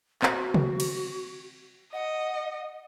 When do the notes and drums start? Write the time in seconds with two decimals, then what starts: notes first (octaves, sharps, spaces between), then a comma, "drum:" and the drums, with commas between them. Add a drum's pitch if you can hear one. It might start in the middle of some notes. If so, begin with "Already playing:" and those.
0.22 C4 F#4, drum: clap
0.54 drum: tom
0.80 drum: cymbal
1.93 D#5 F#5